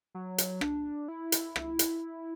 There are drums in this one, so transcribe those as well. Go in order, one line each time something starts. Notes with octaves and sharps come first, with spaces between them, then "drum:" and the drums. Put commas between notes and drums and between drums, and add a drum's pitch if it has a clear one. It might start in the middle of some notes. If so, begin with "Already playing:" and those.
F#3
drum: hi-hat
D4, drum: rim click
E4
drum: hi-hat
drum: rim click
drum: hi-hat